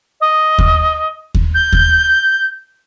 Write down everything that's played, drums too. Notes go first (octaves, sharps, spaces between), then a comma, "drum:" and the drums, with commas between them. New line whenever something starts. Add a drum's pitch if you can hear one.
D#5
drum: kick D#2
drum: kick D#2
G6
drum: kick D#2